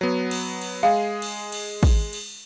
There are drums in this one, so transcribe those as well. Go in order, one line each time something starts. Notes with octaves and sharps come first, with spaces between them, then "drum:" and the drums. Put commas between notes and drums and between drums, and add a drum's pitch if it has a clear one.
F#3 B3
drum: cymbal
drum: cymbal
G#3 G#4 F5
drum: cymbal
drum: cymbal
drum: kick, cymbal
drum: cymbal